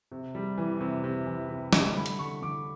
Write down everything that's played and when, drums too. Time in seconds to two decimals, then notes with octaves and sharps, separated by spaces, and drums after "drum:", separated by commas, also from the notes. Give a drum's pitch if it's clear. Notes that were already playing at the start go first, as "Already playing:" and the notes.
0.12 C3
0.35 G3
0.58 E3
0.81 C3
1.04 C3
1.27 E3
1.50 C3
1.73 G3, drum: snare
1.96 D3 B5
2.06 drum: hi-hat
2.19 D3 C#6
2.42 D3 D6